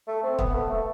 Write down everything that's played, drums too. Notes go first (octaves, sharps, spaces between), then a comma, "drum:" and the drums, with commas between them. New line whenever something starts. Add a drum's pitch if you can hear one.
A3
C4
B3, drum: kick
A3
A3